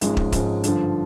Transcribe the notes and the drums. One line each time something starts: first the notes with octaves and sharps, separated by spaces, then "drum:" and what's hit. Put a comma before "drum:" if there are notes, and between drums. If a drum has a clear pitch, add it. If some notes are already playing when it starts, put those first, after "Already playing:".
G#1 G#2 F3 G#3 C#4, drum: hi-hat
drum: kick
G#1 G#2 F3 G#3 C#4, drum: kick, hi-hat
G2 D3 F3, drum: hi-hat